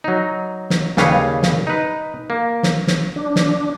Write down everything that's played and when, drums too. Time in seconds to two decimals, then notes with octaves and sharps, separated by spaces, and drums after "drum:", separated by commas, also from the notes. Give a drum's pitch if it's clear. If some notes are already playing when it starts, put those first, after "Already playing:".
0.04 F#3 D#4
0.70 drum: snare
0.97 D#2 C#3 G3 B4 C#5 F5, drum: snare
1.43 drum: snare
1.67 D#4 B4
2.30 A#3
2.63 drum: snare
2.87 drum: snare
3.16 D4
3.36 drum: snare